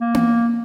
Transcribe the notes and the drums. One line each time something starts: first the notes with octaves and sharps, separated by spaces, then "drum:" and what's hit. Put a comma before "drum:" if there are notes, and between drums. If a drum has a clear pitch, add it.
A#3
drum: tom B3